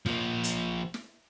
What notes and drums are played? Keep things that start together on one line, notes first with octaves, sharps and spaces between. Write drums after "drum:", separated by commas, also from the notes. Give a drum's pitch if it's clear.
F3 A#3, drum: snare
drum: hi-hat
drum: snare